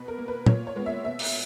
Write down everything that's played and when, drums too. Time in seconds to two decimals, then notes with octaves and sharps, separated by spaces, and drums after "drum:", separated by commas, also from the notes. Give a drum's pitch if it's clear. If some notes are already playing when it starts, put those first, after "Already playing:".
Already playing: B2 B4
0.08 A#4
0.18 A#3
0.28 B4
0.46 A#2 C#5, drum: tom
0.67 C#5
0.76 G#3 B3
0.86 E5
1.05 B2 E5
1.19 drum: open hi-hat